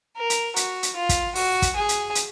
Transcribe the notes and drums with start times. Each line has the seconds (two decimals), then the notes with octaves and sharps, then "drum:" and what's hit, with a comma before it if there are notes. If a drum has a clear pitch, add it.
0.17 A#4
0.30 drum: hi-hat
0.56 F#4, drum: hi-hat
0.83 drum: hi-hat
0.96 F4
1.09 drum: kick, hi-hat
1.36 F#4, drum: open hi-hat
1.62 drum: kick, hi-hat
1.76 G#4
1.89 drum: hi-hat
2.15 drum: hi-hat